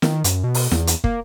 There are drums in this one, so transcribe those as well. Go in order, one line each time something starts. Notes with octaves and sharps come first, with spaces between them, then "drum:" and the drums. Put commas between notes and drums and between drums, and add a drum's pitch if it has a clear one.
D#3, drum: snare
F#2, drum: hi-hat
B2
drum: open hi-hat
E2, drum: snare
drum: hi-hat
A#3, drum: kick